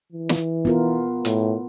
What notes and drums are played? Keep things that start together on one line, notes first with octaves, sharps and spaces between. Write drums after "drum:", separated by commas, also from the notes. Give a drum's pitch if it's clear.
E3
drum: snare
B3 F4 A#4
A2, drum: hi-hat